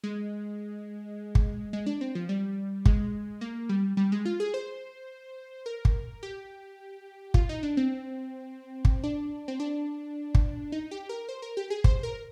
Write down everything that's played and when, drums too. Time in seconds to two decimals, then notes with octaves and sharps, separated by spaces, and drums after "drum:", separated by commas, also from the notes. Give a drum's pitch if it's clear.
0.03 G#3
1.35 drum: kick
1.73 G#3
1.86 D4
2.01 C4
2.15 F3
2.29 G3
2.86 G#3, drum: kick
3.41 A#3
3.69 G3
3.97 G3
4.12 G#3
4.25 F4
4.40 G#4
4.54 C5
5.66 A#4
5.85 drum: kick
6.23 G4
7.34 F4, drum: kick
7.49 D#4
7.63 D4
7.77 C4
8.85 drum: kick
9.04 D4
9.48 C4
9.60 D4
10.35 drum: kick
10.72 D#4
10.91 G4
11.09 A#4
11.29 C5
11.42 A#4
11.57 G4
11.70 G#4
11.84 C5, drum: kick
12.03 A#4